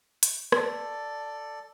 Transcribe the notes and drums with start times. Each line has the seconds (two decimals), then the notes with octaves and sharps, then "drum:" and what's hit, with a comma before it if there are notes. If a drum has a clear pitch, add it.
0.23 drum: hi-hat
0.52 A4 D5, drum: rim click